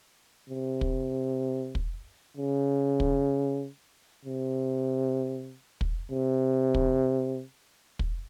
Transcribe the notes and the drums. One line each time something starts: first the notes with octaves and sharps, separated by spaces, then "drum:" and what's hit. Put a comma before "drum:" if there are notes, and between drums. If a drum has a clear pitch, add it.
C3
drum: kick
drum: kick
C#3
drum: kick
C3
drum: kick
C3
drum: kick
drum: kick